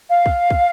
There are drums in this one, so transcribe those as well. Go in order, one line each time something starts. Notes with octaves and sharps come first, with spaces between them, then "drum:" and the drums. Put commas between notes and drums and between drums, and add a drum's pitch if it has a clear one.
F5
drum: kick
drum: kick